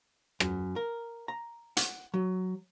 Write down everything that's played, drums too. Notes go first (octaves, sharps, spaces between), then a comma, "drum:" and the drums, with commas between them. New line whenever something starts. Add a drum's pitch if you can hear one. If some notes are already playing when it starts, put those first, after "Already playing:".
F#2, drum: rim click
A#4
A#5
F#5, drum: hi-hat
F#3